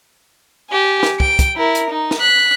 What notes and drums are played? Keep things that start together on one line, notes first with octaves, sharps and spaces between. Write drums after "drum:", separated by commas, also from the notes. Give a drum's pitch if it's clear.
G4 G#5
drum: snare
G5 D7, drum: kick
drum: kick, hi-hat
E4 A#4
drum: hi-hat
D#4
drum: snare
F#6 B6